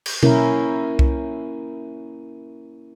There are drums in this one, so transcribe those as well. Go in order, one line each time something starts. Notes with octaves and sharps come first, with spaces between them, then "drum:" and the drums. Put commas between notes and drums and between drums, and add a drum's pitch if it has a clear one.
drum: cymbal
A#3 C#4 E4 A#4, drum: tom B2
drum: kick C2